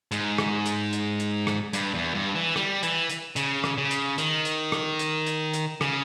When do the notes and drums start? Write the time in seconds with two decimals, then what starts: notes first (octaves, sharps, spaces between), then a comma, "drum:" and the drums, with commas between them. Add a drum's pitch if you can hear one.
0.12 G#2, drum: hi-hat
0.38 drum: rim click
0.66 drum: hi-hat
0.93 drum: hi-hat
1.20 drum: hi-hat
1.47 drum: rim click
1.73 G2, drum: hi-hat
1.94 E2
2.14 G2
2.35 E3
2.56 G3, drum: rim click
2.83 E3, drum: hi-hat
3.10 drum: hi-hat
3.36 C#3, drum: hi-hat
3.64 drum: rim click
3.78 C#3
3.91 drum: hi-hat
4.18 D#3, drum: hi-hat
4.45 drum: hi-hat
4.72 drum: rim click
4.99 drum: hi-hat
5.26 drum: hi-hat
5.54 drum: hi-hat
5.81 C#3, drum: rim click